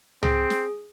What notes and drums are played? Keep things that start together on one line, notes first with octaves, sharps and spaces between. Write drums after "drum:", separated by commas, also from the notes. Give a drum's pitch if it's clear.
C4 G#4, drum: tom
drum: snare